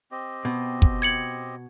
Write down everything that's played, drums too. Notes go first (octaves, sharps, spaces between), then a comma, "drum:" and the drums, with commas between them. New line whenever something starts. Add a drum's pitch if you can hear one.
C4 G4 D#5
B2
drum: kick
G#6 C#7 F#7